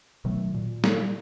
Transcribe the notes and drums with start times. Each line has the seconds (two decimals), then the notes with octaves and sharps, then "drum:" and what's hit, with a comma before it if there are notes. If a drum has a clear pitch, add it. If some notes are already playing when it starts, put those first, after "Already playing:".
0.25 B2 D#3 F#3 A3
0.54 A#2
0.84 G3, drum: snare